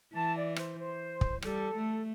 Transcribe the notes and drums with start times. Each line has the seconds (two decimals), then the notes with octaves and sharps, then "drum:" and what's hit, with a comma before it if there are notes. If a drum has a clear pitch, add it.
0.13 E3 A5
0.35 D5
0.56 C5, drum: rim click
0.78 C5
1.21 drum: kick
1.42 G3 A4, drum: rim click
1.76 A3